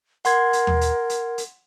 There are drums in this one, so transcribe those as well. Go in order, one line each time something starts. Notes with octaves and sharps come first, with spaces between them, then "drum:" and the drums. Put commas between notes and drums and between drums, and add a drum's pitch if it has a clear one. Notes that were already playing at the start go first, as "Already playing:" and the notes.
A#4 F#5 C6 G#6, drum: hi-hat
drum: hi-hat
drum: tom D#2
drum: hi-hat
drum: hi-hat
drum: hi-hat